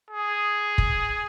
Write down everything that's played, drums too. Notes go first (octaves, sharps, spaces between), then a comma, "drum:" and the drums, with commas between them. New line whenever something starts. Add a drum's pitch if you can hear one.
G#4
drum: kick